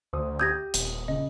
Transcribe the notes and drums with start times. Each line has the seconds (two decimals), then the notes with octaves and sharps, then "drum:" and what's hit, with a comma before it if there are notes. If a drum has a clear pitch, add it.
0.13 D2 C5 D#6
0.39 G4 D#6 G6 G#6 A#6
0.74 D#1, drum: hi-hat
1.08 C#3 D#5